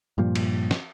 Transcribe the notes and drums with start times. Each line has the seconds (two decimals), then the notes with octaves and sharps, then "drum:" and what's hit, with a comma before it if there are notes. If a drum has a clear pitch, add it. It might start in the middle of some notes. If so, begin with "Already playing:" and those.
0.18 G2 A#2 F3
0.35 drum: cymbal
0.71 drum: snare